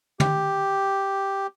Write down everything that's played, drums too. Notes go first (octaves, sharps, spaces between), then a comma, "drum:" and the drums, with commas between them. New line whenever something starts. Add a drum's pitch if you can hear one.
G4, drum: tom